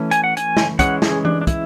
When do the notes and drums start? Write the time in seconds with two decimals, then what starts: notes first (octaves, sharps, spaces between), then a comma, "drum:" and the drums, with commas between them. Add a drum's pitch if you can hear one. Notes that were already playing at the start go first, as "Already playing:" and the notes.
Already playing: E3 A3 C#4
0.11 G#5, drum: hi-hat
0.24 F#5
0.37 G#5, drum: hi-hat
0.57 drum: snare
0.79 E3 G#3 C#4 F#5, drum: kick, hi-hat
1.02 G#4, drum: snare
1.25 D4, drum: tom E3
1.41 D4
1.47 E4, drum: kick, hi-hat